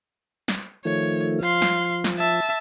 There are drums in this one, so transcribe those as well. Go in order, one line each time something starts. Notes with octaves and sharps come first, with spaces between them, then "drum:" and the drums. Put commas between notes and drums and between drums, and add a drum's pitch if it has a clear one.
drum: snare
D#3 F3 A3 C#5
F3 F5 C6
drum: snare
drum: snare
E5 A5